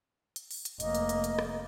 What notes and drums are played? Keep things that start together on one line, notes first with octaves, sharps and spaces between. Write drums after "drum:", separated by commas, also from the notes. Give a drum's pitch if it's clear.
drum: hi-hat
drum: open hi-hat
drum: hi-hat
F1 A#3 D#5, drum: hi-hat
drum: hi-hat
drum: hi-hat
drum: hi-hat
drum: rim click